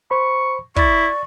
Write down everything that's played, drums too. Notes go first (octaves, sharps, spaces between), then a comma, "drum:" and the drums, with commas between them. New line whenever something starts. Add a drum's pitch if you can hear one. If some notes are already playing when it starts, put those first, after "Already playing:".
C5 B5 C#6
E4 D5 C#6 A6, drum: kick